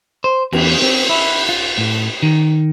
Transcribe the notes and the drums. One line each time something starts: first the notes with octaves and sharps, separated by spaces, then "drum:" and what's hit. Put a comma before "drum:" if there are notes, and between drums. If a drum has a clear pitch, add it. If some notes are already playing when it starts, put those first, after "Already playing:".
C5
E2, drum: cymbal
C4
E4
F4
A2
D#3